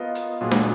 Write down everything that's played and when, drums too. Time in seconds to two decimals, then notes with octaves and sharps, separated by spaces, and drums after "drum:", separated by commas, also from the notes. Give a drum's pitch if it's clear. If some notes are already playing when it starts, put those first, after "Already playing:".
Already playing: B3 F4 A#4 D#5
0.15 drum: hi-hat
0.41 A#2 F#3 D4 G#4
0.51 drum: snare D4